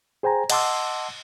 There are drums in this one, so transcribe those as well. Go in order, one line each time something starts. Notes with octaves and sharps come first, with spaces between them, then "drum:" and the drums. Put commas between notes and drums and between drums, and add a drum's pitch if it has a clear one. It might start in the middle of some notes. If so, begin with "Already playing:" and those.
G#4 C5 G5 G#5 A#5
D#5 F#5 A5 C6 D6 E6, drum: cymbal